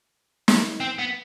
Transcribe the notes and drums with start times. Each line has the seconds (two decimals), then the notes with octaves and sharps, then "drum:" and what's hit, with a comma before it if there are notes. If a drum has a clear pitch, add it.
0.48 drum: snare
0.80 C4
0.99 B3